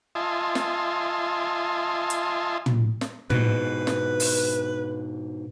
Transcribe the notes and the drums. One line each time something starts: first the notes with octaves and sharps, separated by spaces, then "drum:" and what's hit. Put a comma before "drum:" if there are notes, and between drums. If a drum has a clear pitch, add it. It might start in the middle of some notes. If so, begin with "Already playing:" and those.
F4 D#5 E5 G#5 A5 C6
drum: snare
drum: hi-hat
drum: tom
drum: snare
G#2 B2 B4, drum: tom
drum: snare
drum: open hi-hat